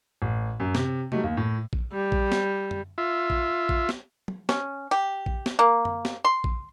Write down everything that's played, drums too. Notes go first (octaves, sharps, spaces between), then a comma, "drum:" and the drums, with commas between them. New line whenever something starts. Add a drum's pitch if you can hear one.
A1
F#2
C3, drum: snare
F#3 G3 A3 D#4, drum: tom
D#2
A2
drum: kick A#1
G3
drum: kick A#1
drum: snare
drum: tom F#2
F4 E5
drum: kick A#1
drum: kick A#1
drum: snare
drum: tom
C#4, drum: snare
G4
drum: kick A#1
drum: snare
A#3
drum: tom F#2
drum: snare
C6
drum: kick A#1